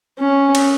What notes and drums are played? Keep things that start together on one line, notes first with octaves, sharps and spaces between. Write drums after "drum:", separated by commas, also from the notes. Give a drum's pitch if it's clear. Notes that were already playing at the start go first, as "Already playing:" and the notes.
C#4
drum: cymbal